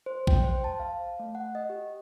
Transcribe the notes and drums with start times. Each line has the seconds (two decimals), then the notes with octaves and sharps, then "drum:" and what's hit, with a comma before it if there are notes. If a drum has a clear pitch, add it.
0.06 C5
0.27 G5, drum: kick A#1
0.44 C5
0.64 A5
0.80 F5
1.20 A3
1.35 F#5
1.55 D#5
1.70 G4